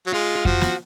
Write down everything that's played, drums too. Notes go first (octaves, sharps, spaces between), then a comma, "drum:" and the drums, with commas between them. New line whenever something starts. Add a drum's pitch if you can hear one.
F#3
G#3 F4
F4
F3 F#4, drum: kick F2
drum: snare